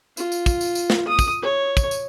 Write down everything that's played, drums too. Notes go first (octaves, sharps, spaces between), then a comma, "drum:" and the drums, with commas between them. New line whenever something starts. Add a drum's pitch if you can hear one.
F4, drum: tambourine
drum: tambourine
drum: kick, tambourine
drum: tambourine
drum: tambourine
drum: snare
D#6
drum: kick, tambourine
C#5
drum: kick, tambourine
drum: tambourine